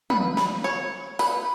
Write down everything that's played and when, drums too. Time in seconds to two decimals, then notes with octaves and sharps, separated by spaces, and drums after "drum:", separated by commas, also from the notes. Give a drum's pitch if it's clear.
0.10 B4, drum: tom
0.37 B4, drum: snare
0.64 C#5
1.19 B4, drum: open hi-hat